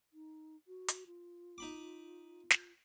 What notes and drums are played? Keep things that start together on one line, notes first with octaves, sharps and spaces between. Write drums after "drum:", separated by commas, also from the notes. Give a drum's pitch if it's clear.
D#4
F#4
drum: hi-hat
F4
D#4 B5 D6
drum: snare